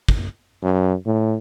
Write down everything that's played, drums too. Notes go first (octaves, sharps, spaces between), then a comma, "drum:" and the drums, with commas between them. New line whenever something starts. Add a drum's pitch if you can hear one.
drum: kick
F#2
A2